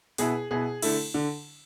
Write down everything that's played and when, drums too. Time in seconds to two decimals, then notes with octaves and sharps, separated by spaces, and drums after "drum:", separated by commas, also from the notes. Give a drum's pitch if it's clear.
0.18 B2 B3 E4 G#4, drum: open hi-hat
0.51 B2 B3 E4 G#4
0.82 D3 A3 E4, drum: cymbal
1.14 D3